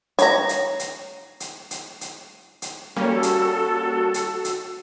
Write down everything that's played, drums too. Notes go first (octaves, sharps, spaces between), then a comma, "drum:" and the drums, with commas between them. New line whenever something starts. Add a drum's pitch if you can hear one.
C#5 A#5, drum: hi-hat
drum: hi-hat
drum: hi-hat
drum: hi-hat
drum: hi-hat
drum: hi-hat
drum: hi-hat
G3 A#3 C#4 F#4 A4
drum: hi-hat
drum: hi-hat
drum: hi-hat